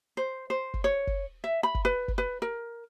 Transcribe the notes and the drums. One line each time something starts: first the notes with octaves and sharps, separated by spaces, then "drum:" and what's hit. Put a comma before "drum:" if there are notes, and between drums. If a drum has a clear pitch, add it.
C5
C5
drum: kick
C#5
drum: kick
E5
B5
drum: kick
B4
drum: kick
B4
A#4